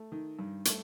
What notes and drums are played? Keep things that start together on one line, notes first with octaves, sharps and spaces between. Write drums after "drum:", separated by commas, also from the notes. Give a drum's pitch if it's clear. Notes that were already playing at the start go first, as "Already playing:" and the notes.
Already playing: A3
D#3
G2
A3, drum: hi-hat